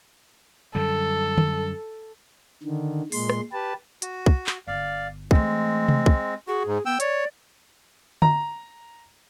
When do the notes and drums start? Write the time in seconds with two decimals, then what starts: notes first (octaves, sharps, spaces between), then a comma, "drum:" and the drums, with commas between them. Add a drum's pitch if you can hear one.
0.75 F#2 D3 G3 A4
1.38 drum: tom D3
2.63 D3 D#3
3.12 A#2 G#3 C6, drum: open hi-hat
3.29 drum: rim click
3.52 G4 B4 A5
4.02 F#4, drum: hi-hat
4.26 drum: kick
4.46 drum: clap
4.67 G1 D5 F5
5.31 E3 G#3 A3 C4, drum: kick
5.88 drum: tom C3
6.06 drum: kick
6.48 F#4 G#4
6.66 G#2
6.86 B3 G5 E6
7.00 C#5 D5, drum: hi-hat
8.22 A#5, drum: tom D3